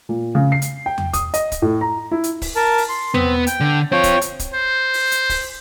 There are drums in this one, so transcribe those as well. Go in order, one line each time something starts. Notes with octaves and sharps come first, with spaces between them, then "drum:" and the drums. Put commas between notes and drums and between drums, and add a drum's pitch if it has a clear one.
A#2
C#3
C7
drum: hi-hat
G5
drum: tom E2
D#6, drum: kick, hi-hat
D#5, drum: hi-hat
drum: kick, hi-hat
A2
A#5
E4
drum: hi-hat
drum: kick, open hi-hat
A#4 A5
drum: open hi-hat
C6
B3 C4, drum: tom E2
G5, drum: hi-hat
D3
C4 F4 C#5 G5
drum: kick, hi-hat
drum: hi-hat
drum: kick, hi-hat
C5
drum: open hi-hat
drum: hi-hat
drum: kick, open hi-hat